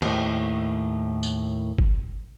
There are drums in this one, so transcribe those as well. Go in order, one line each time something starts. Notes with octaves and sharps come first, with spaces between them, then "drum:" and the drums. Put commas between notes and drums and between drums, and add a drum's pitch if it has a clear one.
D#2 A2, drum: cymbal
drum: tambourine
drum: kick